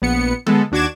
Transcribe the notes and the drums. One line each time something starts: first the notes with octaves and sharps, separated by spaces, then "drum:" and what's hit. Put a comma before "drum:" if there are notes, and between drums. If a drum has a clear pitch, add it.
A#1 B3 C#7
G#3 B3 A4, drum: tom D3
D#2 D4 F#4 D6 G#6 E7